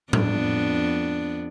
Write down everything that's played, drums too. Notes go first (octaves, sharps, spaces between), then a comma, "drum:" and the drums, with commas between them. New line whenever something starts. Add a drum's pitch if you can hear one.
F2 B3 D4, drum: tom A2